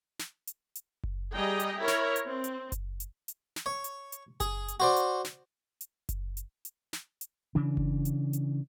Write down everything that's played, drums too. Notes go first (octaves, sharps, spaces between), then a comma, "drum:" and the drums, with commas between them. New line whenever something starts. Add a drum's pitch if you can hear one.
drum: snare
drum: hi-hat
drum: hi-hat
drum: kick F#1
G3 G#4 D#5 G5 A#5
drum: hi-hat
E4 A#4 C#5
drum: snare
drum: hi-hat
C4
drum: hi-hat
drum: kick F#1, hi-hat
drum: hi-hat
drum: hi-hat
drum: snare
C#5
drum: hi-hat
drum: hi-hat
G#4, drum: kick F#1, hi-hat
drum: hi-hat
F#4 C5 D5
drum: hi-hat
drum: snare
drum: hi-hat
drum: kick F#1, hi-hat
drum: hi-hat
drum: hi-hat
drum: snare
drum: hi-hat
C#3 E3 D4
drum: kick F#1
drum: hi-hat
drum: hi-hat